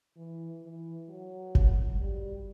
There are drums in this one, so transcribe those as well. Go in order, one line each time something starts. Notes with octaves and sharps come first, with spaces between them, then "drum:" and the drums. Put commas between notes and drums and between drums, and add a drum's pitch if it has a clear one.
E3
E3
F#3
drum: kick F#1
G3